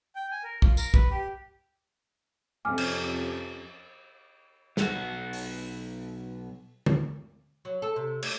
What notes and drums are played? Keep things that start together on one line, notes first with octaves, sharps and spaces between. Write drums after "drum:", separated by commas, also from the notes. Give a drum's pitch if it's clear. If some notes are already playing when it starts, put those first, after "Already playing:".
G5
G#5
A#4
F4, drum: kick
A#4, drum: tambourine
B4, drum: kick
G4
F2 C3 C#4 G#5 D6 F6
drum: cymbal
B1 F#4, drum: snare
drum: open hi-hat
drum: tom
F#3
A4
C3
A3, drum: cymbal